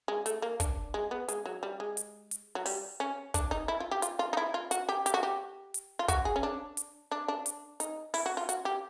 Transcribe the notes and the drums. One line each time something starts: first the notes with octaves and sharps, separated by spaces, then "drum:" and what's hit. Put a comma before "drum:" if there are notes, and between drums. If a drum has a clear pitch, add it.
G#3
A3, drum: hi-hat
A#3
D4, drum: kick, hi-hat
G#3
B3
G#3, drum: hi-hat
F#3
G3
G#3
drum: hi-hat
drum: hi-hat
F#3
G3, drum: open hi-hat
C#4
D4, drum: kick, hi-hat
D#4
E4
F4
G4
F4, drum: hi-hat
F4
D#4
E4
F4
F#4, drum: hi-hat
G4
G4, drum: hi-hat
F#4
G4
drum: hi-hat
F4
F#4, drum: kick, hi-hat
G#4
C#4
D4
drum: hi-hat
D4
D4
drum: hi-hat
D#4, drum: hi-hat
E4, drum: open hi-hat
F#4
F4
F#4, drum: hi-hat
G4